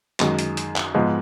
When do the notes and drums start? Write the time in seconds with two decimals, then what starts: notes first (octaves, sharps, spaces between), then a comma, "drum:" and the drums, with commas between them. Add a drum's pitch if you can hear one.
0.20 F#2 D#3 G#3, drum: clap
0.39 drum: hi-hat
0.57 drum: hi-hat
0.76 drum: clap
0.95 G#2 F3 G#3 B3